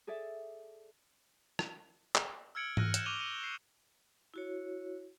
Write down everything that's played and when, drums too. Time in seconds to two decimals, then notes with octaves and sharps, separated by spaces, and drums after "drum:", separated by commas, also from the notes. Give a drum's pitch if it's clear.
0.07 G#4 A4 D5 E5
1.59 drum: rim click
2.15 drum: clap
2.55 E6 F6 G#6 C#7 D7 F#7
2.77 F6 F#6 A#6 D#7, drum: tom G#2
2.94 F#6 G6 C#7 E7, drum: hi-hat
3.06 C#6 D6 G#6 D#7 F7 G7
3.20 C#7 D#7 F#7 G7
3.43 C7
4.34 E4 F#4 C#5